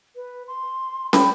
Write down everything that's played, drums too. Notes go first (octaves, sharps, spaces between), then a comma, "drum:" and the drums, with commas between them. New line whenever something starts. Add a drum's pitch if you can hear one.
B4
C6
G5 B5, drum: snare